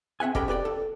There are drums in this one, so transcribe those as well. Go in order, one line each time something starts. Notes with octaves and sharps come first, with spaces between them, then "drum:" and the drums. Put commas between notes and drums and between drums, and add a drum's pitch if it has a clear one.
C4 E5 F#5 G#5
C#4 G4 A4 D#5 G5 B5, drum: kick F1
G4 B4 D5 G5
A4